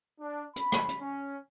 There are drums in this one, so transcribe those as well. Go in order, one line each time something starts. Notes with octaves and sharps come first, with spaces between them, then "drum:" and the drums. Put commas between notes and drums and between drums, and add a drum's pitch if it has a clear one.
D4
B5, drum: hi-hat
drum: rim click
drum: hi-hat
C#4